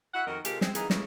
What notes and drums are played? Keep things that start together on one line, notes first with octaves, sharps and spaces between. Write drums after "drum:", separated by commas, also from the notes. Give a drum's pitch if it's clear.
E4 F#4 E5 F#5
F2 D#3 D#4 F#4 A#4 D#5
C3 G#3 F4 G4 A4 A#4, drum: hi-hat
C4 G#4, drum: snare
E3 A#3 B3 D#4 G#4, drum: hi-hat
A2 C#3 E3, drum: snare